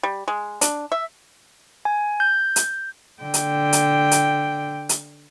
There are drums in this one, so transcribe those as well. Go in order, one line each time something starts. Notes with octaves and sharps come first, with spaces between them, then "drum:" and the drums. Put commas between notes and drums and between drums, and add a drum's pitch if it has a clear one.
G3
G#3
D4, drum: hi-hat
E5
G#5
G6
drum: hi-hat
D3 G5
drum: hi-hat
drum: hi-hat
drum: hi-hat
drum: hi-hat